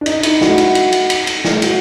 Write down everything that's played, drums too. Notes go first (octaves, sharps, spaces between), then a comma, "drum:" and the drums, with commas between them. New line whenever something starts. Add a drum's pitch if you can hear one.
D4
D#4, drum: cymbal
D#4
E4, drum: cymbal
F#4, drum: snare
drum: cymbal
drum: cymbal
drum: cymbal
drum: cymbal
drum: cymbal
drum: snare
F#4, drum: cymbal